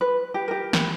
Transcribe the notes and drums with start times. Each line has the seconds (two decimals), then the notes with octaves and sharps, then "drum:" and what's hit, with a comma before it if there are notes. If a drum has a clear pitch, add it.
0.01 B4
0.34 G4
0.48 G4 A#4
0.73 B5, drum: snare